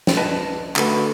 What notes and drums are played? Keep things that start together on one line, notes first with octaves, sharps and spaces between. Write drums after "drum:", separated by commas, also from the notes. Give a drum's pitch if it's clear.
drum: snare
B4 D#5 A5
D3 A3 F#4 B4, drum: clap